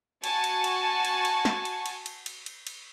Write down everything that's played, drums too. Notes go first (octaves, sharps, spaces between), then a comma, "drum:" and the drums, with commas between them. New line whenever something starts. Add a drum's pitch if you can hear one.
F#4 G#5 A5 C#6, drum: cymbal
drum: cymbal
drum: cymbal
drum: cymbal
drum: cymbal
drum: snare
drum: cymbal
drum: cymbal
drum: cymbal
drum: cymbal
drum: cymbal
drum: cymbal